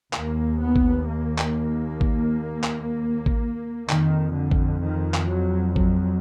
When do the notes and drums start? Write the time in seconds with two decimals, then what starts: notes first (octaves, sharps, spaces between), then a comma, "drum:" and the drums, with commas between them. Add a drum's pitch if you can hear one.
0.13 D#2 A#3, drum: clap
0.61 B3
0.76 drum: kick A1
1.07 A#3
1.38 drum: clap
2.01 drum: kick A1
2.64 drum: clap
3.26 drum: kick A1
3.89 F2 D#3, drum: clap
4.35 D3
4.51 drum: kick A1
4.83 D#3
5.14 drum: clap
5.30 F#3
5.76 F#3, drum: kick A1